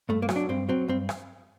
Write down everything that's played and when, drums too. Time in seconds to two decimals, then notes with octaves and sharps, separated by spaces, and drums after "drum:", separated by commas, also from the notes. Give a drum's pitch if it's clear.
0.09 G2 A3
0.22 A#3
0.29 F#3, drum: rim click
0.36 D4
0.49 G2 C4
0.69 F#3 C4
0.88 G2 C4
1.09 drum: rim click